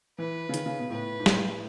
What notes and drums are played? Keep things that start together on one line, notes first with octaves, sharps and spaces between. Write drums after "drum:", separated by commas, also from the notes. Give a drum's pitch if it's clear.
E3 B4
C#3
D#3, drum: hi-hat
C#3
B2
A2 B4
G#2
A2, drum: snare